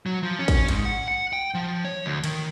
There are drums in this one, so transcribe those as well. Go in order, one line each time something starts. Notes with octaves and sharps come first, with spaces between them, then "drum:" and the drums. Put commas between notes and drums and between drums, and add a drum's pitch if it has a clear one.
F#3
F3
C#4
drum: kick, cymbal
G#2, drum: cymbal
F#5
F#5
G5
F3
C#5
D2
D#3, drum: cymbal